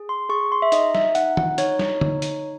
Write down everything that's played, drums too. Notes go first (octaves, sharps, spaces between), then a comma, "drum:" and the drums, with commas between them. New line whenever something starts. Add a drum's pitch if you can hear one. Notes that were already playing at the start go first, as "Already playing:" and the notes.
Already playing: G#4
C6
G#4 C#6
C6
E5
D#4 D#5, drum: hi-hat
E5, drum: snare
D#4 F#5, drum: hi-hat
F#5, drum: tom
D#4 C#5, drum: hi-hat
drum: snare
D#4, drum: tom D3
drum: hi-hat